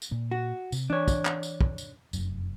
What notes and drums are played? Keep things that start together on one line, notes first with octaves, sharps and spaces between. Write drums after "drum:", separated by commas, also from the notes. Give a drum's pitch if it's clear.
drum: tambourine
A#2 A#3
F#4
C3, drum: tambourine
E3 D4 C#5
drum: kick, tambourine
drum: clap
drum: tambourine
drum: kick
drum: tambourine
F1 F#2, drum: tambourine